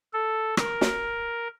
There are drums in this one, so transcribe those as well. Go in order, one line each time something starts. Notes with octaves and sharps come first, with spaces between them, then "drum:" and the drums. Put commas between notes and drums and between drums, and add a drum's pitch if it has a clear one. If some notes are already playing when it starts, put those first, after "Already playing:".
A4
A#4, drum: rim click
drum: snare